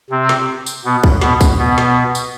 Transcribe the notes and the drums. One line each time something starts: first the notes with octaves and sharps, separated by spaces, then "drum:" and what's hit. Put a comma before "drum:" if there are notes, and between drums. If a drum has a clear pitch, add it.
C3 C4
drum: snare
drum: tambourine
B2 B3
drum: kick
B2 B3, drum: snare
drum: kick, tambourine
B2 B3
drum: snare
drum: tambourine